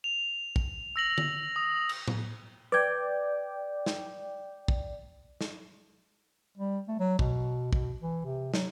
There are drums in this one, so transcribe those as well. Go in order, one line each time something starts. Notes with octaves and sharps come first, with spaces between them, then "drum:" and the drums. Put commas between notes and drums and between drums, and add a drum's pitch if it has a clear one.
F7
drum: kick
E6 A#6 F#7
drum: tom D3
D#6
drum: cymbal
drum: tom A2
B4 D5 G5 G#6
drum: snare
drum: kick
drum: snare
G3
A3
F#3
B2, drum: kick
B2, drum: kick
E3
C3
F#3, drum: snare